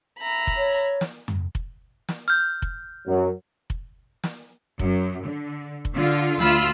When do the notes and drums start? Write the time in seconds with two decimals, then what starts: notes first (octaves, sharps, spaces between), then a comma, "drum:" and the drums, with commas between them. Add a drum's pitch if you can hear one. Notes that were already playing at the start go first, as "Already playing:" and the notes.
0.20 E5 A#5 B5
0.47 drum: kick F1
0.57 C#5
1.01 drum: snare
1.28 drum: tom F2
1.55 drum: kick F1
2.09 drum: snare
2.28 F6 G6
2.62 drum: kick F1
3.07 F#2 F#3
3.70 drum: kick F1
4.24 drum: snare
4.79 F#2, drum: kick F1
5.25 D3
5.85 drum: kick F1
5.95 D3 F4
6.40 D2 F4 B5 E6, drum: snare